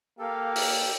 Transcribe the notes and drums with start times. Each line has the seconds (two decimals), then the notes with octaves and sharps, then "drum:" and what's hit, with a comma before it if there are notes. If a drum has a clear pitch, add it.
0.19 A#3 G4 A4 F5
0.56 drum: open hi-hat